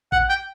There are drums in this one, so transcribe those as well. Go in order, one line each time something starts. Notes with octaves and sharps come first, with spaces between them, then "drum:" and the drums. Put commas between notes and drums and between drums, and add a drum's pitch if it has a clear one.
F#5, drum: kick A1
G5